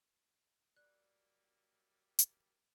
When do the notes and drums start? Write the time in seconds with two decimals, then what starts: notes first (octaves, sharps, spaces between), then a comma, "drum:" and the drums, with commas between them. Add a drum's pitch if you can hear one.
0.76 F#3 G3 A#3 D5 F#6
2.19 drum: hi-hat